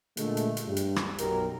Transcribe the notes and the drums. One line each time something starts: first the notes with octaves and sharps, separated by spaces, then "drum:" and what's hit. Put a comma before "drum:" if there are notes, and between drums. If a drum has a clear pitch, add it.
A#2 D3 G#3 A3, drum: hi-hat
drum: hi-hat
drum: hi-hat
G2
drum: hi-hat
drum: rim click
B1 F#2 B2 G4 A#4, drum: hi-hat